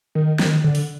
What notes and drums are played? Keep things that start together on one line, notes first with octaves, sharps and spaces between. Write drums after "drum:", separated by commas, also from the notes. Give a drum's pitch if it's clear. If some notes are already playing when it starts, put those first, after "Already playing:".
D#3
D#3, drum: snare
D3
drum: open hi-hat